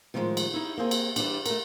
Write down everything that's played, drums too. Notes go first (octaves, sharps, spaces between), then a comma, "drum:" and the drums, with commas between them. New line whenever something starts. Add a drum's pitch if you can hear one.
A2 D#3 F3 G3 G#3
drum: cymbal
D#4 E4
A#3 C4 G#4
drum: cymbal
E3 G3 D4, drum: cymbal
A3 A#4, drum: cymbal